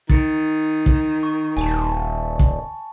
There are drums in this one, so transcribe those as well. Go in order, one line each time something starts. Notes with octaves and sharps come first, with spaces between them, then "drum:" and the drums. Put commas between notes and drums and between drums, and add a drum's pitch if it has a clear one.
D#3 A6 C#7, drum: kick
drum: kick
C#6
D#1 G#5 A5
drum: kick